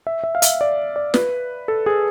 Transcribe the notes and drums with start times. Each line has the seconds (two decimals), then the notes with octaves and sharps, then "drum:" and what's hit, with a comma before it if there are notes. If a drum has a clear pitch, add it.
0.07 E5
0.24 E5
0.35 F5
0.42 E5, drum: hi-hat
0.61 D5
0.96 D5
1.14 B4, drum: snare
1.68 A4
1.86 G#4